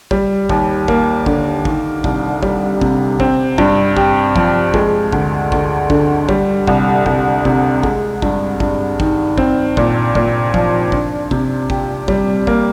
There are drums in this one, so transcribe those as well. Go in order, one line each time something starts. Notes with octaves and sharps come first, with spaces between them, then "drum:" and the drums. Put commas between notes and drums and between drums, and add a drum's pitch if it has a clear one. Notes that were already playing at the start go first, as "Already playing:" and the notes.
G3, drum: kick
D#2, drum: kick
A#3, drum: kick
D3, drum: kick
D#3, drum: kick
C2, drum: kick
G3, drum: kick
C3, drum: kick
C4, drum: kick
G2, drum: kick
G4, drum: kick
F3, drum: kick
G#3, drum: kick
D2, drum: kick
D2, drum: kick
D3, drum: kick
G3, drum: kick
C2, drum: kick
C2, drum: kick
C3, drum: kick
G#3, drum: kick
G2, drum: kick
G2, drum: kick
D#3, drum: kick
C4, drum: kick
A#2, drum: kick
A#2, drum: kick
F3, drum: kick
D4, drum: kick
C3, drum: kick
G4, drum: kick
G3, drum: kick
A#3, drum: kick